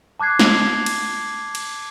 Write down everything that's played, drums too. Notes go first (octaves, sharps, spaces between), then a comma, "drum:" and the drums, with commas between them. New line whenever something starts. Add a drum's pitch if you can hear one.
A5 D6 F#6 G#6 C7
drum: snare
drum: cymbal
drum: cymbal